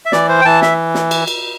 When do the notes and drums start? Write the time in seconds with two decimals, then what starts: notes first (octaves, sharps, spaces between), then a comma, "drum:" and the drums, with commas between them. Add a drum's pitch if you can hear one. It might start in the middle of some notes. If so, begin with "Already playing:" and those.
0.06 E5
0.12 E3 D5, drum: snare
0.29 C5
0.41 G5
0.45 E3 A5
0.62 E5, drum: snare
0.95 drum: snare
1.11 drum: cymbal
1.27 drum: cymbal